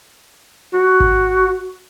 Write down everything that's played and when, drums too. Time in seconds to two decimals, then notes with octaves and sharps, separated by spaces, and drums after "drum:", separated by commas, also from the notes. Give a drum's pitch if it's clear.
0.73 F#4
1.00 drum: kick G#1